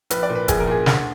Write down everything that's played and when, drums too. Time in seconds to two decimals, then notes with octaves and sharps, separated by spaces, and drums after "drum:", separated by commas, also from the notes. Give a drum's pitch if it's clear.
0.10 A#1 B4, drum: hi-hat
0.23 D5
0.29 A#2
0.35 B4
0.48 A#1 G#4, drum: kick F1, hi-hat
0.60 A#4
0.67 A#2 G#4
0.86 D2, drum: snare